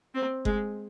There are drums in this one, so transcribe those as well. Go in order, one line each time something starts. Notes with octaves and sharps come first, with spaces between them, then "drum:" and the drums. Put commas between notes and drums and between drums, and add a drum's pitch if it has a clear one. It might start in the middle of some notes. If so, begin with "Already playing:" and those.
C4
G#3, drum: kick F#1